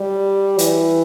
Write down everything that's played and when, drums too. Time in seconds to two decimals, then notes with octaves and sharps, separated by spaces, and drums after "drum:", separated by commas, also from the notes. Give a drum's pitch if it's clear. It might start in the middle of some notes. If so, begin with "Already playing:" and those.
Already playing: G3
0.58 E3, drum: hi-hat